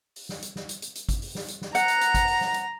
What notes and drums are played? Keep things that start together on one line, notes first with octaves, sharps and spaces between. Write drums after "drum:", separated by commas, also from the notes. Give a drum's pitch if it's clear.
drum: open hi-hat
drum: snare
drum: hi-hat
drum: snare
drum: hi-hat
drum: hi-hat
drum: hi-hat
drum: kick G#1, hi-hat
drum: open hi-hat
drum: snare
drum: hi-hat
drum: snare
F#5 A#5, drum: hi-hat
drum: hi-hat
drum: hi-hat
drum: kick G#1, hi-hat
drum: open hi-hat
drum: snare
drum: hi-hat